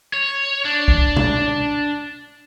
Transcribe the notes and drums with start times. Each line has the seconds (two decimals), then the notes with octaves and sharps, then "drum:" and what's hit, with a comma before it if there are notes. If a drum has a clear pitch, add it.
0.14 C#5
0.65 D4
0.88 drum: kick
1.16 drum: tom B2